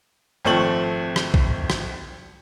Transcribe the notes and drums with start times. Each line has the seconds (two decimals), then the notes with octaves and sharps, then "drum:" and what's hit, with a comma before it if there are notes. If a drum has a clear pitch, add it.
0.45 G#1 F3 A3 C4 C#6 F#7
1.16 drum: rim click
1.34 drum: kick A#1
1.70 drum: rim click